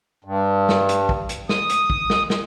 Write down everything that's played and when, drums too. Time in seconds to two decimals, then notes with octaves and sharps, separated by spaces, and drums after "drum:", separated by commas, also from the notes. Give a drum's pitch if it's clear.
0.25 G2
0.69 drum: snare
0.89 drum: hi-hat
1.09 drum: kick
1.29 drum: hi-hat
1.49 D#6, drum: snare
1.70 drum: hi-hat
1.90 drum: kick
2.10 drum: snare
2.30 drum: snare